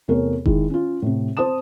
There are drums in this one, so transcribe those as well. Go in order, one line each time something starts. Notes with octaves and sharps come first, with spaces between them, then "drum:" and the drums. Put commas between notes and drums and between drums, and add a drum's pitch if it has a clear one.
E2 C3 A3 A#4 C#5
D#3 G#3 E4, drum: kick F1
C#4 F4
A2 C3
C4 C5 A5 D#6 E7